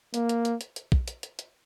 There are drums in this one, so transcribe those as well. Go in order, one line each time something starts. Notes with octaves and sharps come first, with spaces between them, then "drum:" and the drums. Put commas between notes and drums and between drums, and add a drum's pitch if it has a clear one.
A#3, drum: hi-hat
drum: hi-hat
drum: hi-hat
drum: hi-hat
drum: hi-hat
drum: kick
drum: hi-hat
drum: hi-hat
drum: hi-hat